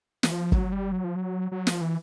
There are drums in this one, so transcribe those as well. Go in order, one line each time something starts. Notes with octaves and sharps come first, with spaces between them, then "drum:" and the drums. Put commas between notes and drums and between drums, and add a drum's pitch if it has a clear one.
E3, drum: snare
F3
F#3, drum: kick
G3
F#3
F3
F#3
F#3
F3, drum: snare
E3